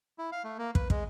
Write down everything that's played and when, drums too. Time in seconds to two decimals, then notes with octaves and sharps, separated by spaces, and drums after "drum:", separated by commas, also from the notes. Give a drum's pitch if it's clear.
0.18 E4
0.32 F5
0.44 A3
0.58 A#3
0.75 B4, drum: kick
0.90 G#3, drum: kick